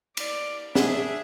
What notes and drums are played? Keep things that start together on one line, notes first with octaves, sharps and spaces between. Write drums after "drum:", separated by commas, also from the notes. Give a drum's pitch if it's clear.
D5, drum: cymbal
D4 G#4 E5, drum: snare